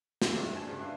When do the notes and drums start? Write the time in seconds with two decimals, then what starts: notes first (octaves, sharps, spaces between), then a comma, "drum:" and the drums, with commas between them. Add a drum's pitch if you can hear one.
0.22 F2 C3 C6, drum: snare
0.34 G2 G#3 E4 D6
0.52 C4 D4 F#4 G#5 A5
0.67 G2 C#3 G#3
0.79 D4 E4 B4 F5